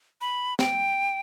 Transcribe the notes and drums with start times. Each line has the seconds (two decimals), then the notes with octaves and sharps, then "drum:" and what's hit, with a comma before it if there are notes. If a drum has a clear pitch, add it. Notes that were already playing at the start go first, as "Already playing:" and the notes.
0.21 B5
0.59 G5, drum: snare